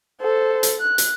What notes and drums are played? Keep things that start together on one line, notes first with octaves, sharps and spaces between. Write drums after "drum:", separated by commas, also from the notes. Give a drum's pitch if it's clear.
A4 C5
drum: hi-hat
F#6
drum: hi-hat